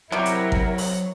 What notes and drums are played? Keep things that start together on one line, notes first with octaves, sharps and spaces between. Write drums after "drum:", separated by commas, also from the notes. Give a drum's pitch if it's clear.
C3 F#3 G3 C4 E4 A#4 C#5 A#5
drum: hi-hat
drum: kick G#1
drum: open hi-hat